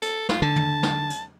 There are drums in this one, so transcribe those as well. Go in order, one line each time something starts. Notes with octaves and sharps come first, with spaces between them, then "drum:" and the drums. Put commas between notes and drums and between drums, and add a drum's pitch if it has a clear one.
A4, drum: hi-hat
F4, drum: snare
D3 A5
drum: tom
drum: snare
drum: hi-hat